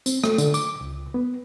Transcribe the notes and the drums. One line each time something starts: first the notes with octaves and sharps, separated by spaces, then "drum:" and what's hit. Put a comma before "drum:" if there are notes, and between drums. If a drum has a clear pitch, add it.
C4, drum: tambourine
A3, drum: rim click
D3, drum: tambourine
D6, drum: tambourine
C#2
B3